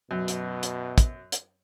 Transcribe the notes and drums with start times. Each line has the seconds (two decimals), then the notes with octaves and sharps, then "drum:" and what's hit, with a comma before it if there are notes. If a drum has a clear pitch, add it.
0.11 F#2 B2
0.28 drum: hi-hat
0.63 drum: hi-hat
0.98 drum: kick, hi-hat
1.32 drum: hi-hat